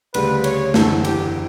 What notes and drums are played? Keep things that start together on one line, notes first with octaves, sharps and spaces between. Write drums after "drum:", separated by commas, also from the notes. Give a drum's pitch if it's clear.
D2 C#3 G3 B4, drum: cymbal
C#5, drum: cymbal
F#1 E2 D3 A4, drum: snare
G4, drum: cymbal